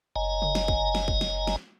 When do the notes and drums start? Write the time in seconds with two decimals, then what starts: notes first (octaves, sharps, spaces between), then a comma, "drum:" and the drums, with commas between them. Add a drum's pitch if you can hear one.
0.16 F#1 D#5 G#5 A#5
0.42 drum: tom C#3
0.55 drum: snare
0.68 drum: kick
0.95 drum: snare
1.08 drum: kick
1.21 drum: snare
1.47 drum: snare